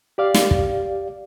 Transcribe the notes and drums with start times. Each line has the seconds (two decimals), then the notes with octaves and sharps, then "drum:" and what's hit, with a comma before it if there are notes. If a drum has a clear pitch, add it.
0.18 G4 D5 F5
0.34 drum: snare
0.51 drum: kick